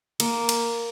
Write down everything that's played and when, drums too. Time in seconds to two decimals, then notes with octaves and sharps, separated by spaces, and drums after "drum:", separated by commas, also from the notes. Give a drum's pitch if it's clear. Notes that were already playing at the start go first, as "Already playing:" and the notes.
0.20 A#3, drum: cymbal
0.49 drum: cymbal